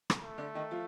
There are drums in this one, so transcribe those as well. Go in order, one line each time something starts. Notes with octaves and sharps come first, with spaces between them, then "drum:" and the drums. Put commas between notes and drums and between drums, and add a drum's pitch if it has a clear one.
drum: rim click
A3
D3 D4
D#3 D#4
F3 F4